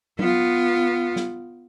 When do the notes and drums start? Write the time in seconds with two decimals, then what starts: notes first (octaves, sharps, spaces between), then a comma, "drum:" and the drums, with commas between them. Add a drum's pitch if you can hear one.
0.19 B3 F4, drum: tom F#3
1.16 drum: snare